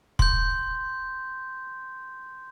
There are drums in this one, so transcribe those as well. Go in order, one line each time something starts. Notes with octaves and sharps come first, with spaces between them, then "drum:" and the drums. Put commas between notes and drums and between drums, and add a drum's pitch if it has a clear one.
C6 G6, drum: kick